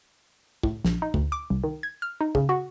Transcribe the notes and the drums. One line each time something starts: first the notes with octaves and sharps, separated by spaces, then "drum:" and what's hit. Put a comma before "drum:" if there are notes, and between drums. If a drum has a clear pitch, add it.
A2, drum: kick
A#1, drum: snare
D#4
D2, drum: kick
D6
C2
D#3
G#6
F6
D#4
C#3, drum: kick
F#4